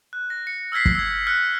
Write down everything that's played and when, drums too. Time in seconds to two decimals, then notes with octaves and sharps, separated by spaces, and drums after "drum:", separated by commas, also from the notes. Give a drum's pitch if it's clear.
0.13 F#6
0.30 A#6
0.47 C#7
0.72 E6 F6 G#6 B6 C7
0.85 drum: kick
0.95 E6 G#6
1.27 F6 F#6 C7 C#7